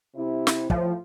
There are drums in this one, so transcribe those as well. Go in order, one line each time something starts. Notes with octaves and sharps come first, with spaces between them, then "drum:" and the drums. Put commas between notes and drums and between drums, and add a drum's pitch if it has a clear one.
C3 E4
drum: snare
A2 F3, drum: kick